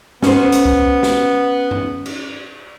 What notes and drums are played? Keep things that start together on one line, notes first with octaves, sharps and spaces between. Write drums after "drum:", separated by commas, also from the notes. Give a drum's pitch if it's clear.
B3 C#4 C5, drum: snare
drum: hi-hat
drum: kick C2
drum: snare
drum: tom F#2
drum: cymbal